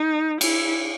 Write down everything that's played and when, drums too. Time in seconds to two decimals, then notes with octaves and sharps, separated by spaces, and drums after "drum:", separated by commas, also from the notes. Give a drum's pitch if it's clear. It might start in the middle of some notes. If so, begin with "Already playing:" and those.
Already playing: D#4
0.41 E4, drum: cymbal